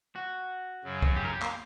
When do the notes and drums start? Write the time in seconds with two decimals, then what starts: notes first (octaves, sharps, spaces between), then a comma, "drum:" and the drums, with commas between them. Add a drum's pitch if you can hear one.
0.16 F#4
0.84 F#2 C#3 F#3
1.02 drum: kick
1.16 G4
1.25 A#4
1.33 G4
1.42 A#3, drum: clap